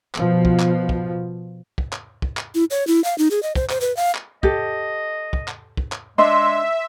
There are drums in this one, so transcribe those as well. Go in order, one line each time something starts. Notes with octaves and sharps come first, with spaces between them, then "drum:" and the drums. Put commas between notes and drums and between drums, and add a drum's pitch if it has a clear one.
B2 F3, drum: clap
drum: kick
drum: clap
drum: kick
drum: kick
drum: clap
drum: kick
drum: clap
E4
C#5
E4
F5
D#4
G#4
D#5
C5, drum: kick
C5, drum: clap
B4
F5
drum: clap
G4 A4 D#5, drum: kick
drum: kick
drum: clap
drum: kick
drum: clap
G#3 D4 D#5 E5 C6